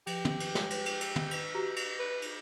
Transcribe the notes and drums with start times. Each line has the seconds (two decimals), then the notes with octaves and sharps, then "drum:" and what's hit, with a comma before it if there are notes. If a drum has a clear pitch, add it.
0.07 F3 G4, drum: cymbal
0.25 drum: tom
0.40 drum: cymbal
0.55 G#3 C#5, drum: snare
0.70 drum: cymbal
0.86 drum: cymbal
1.01 drum: cymbal
1.16 drum: tom
1.31 drum: cymbal
1.55 F#4 G4 A#5
1.76 drum: cymbal
1.99 B4
2.22 drum: cymbal